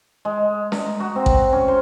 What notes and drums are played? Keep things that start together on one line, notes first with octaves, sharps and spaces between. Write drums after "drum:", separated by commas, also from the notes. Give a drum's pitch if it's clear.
G#3
A#5, drum: snare
F#4
C4
drum: kick A1
C#4
C5